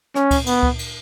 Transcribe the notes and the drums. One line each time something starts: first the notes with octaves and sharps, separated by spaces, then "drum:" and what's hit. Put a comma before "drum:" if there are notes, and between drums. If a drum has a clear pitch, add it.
C#4, drum: rim click
drum: kick C#2, cymbal
B3, drum: cymbal
drum: kick C#2
drum: cymbal